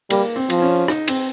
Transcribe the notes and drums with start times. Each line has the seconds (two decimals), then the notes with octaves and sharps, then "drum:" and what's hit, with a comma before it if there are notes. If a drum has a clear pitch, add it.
0.10 G3 A#3, drum: cymbal
0.36 C4
0.50 F3, drum: cymbal
0.62 C#4
0.88 D#4, drum: rim click
1.08 C4, drum: cymbal